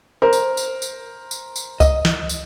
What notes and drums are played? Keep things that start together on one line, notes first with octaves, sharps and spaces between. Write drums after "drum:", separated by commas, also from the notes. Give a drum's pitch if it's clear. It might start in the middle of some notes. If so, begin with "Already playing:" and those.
A#4 C5
drum: tambourine
drum: tambourine
drum: tambourine
drum: tambourine
drum: tambourine
D#5, drum: kick C#2, tambourine
drum: snare
drum: tambourine